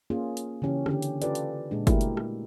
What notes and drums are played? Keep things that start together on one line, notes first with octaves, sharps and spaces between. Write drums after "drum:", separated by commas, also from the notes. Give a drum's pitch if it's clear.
A#3 C#4 F4 G#4
drum: hi-hat
C#3 E3 C#4 G4
D3 C#4 G4, drum: rim click
drum: hi-hat
F4 G4 A4 B4 D5, drum: hi-hat
drum: hi-hat
A#2 G#3 D4
G#3 A3 E4 F#4 G4 A#4, drum: kick, hi-hat
drum: hi-hat
drum: rim click